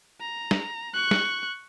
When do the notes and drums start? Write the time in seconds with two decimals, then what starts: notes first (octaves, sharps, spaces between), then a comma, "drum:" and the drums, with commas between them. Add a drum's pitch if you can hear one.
0.21 A#5
0.51 drum: snare
0.94 C#6 F#6
1.11 drum: snare